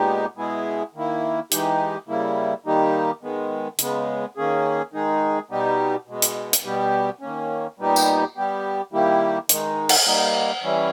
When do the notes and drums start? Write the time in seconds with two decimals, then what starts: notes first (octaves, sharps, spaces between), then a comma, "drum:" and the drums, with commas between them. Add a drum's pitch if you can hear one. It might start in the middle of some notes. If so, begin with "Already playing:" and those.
Already playing: A#2 G#3 B3 D#4 G4
0.37 B2 G#3 B3 E4 G#4
0.95 D#3 A#3 E4
1.52 E3 G#3 D#4 G4, drum: hi-hat
2.08 C#3 G3 A#3 E4
2.66 D#3 G3 A#3 D#4 G4
3.22 D#3 G#3 B3
3.79 C#3 G#3 B3, drum: hi-hat
4.37 D#3 A#3 C#4 G#4
4.93 D#3 G#3 D#4 G#4
5.50 B2 G3 B3 D#4 G4
6.07 B2 G#3 B3
6.22 drum: hi-hat
6.53 drum: hi-hat
6.64 B2 G3 B3 G4
7.21 D#3 A#3 C#4
7.79 A#2 G3 B3 D#4 G4
7.96 drum: tambourine
8.36 G3 B3 G4
8.92 D#3 G3 A#3 E4 G4
9.49 D#3 G#3 D#4, drum: hi-hat
9.89 drum: cymbal
10.06 G3 A#3 D#4
10.63 E3 G3 C#4 E4